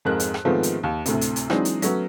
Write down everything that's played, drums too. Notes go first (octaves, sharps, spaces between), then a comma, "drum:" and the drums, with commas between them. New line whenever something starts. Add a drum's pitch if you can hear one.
F2 G#2 A#4 F#6
drum: hi-hat
drum: rim click
G#2 D#3 F3 A3 B3 C4
drum: hi-hat
D#2
D2 A2 C3, drum: hi-hat
drum: hi-hat
drum: hi-hat
E3 F#3 G#3 C4 D4 D#4, drum: rim click
drum: hi-hat
F#3 A3 B3 C#4, drum: hi-hat